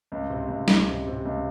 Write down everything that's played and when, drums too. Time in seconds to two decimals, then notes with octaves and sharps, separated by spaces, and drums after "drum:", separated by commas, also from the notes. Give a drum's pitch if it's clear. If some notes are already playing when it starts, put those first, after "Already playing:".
0.12 C#2
0.30 C3
0.49 C#2
0.68 C#2, drum: snare
0.88 C3
1.07 C3
1.25 C#2